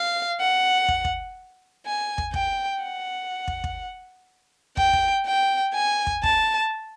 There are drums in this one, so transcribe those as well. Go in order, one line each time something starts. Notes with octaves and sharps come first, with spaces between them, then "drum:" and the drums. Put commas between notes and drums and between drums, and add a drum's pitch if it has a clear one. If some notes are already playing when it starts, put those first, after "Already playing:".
Already playing: F5
F#5
drum: kick
drum: kick
G#5
drum: kick
G5, drum: kick
F#5
drum: kick
drum: kick
G5, drum: kick
drum: kick
G5
G#5
drum: kick
A5, drum: kick